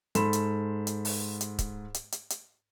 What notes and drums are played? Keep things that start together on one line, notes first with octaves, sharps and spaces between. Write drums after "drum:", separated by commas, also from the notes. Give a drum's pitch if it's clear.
G#2 A4 B5 C6 E7, drum: hi-hat
drum: hi-hat
drum: hi-hat
drum: open hi-hat
drum: hi-hat
drum: kick, hi-hat
drum: hi-hat
drum: hi-hat
drum: hi-hat